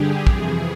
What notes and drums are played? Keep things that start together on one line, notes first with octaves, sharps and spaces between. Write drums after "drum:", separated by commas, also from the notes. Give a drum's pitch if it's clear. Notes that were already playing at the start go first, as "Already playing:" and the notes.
Already playing: G2 D3 G4 G#4
F2 C3 E3 G#4, drum: kick